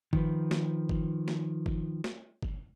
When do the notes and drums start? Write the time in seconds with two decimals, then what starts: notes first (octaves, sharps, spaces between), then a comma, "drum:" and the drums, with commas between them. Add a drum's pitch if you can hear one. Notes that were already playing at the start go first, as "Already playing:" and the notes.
0.13 D#3 F3 B4, drum: kick G1
0.51 drum: snare
0.89 drum: kick G1
1.28 drum: snare
1.66 drum: kick G1
2.04 drum: snare
2.43 drum: kick G1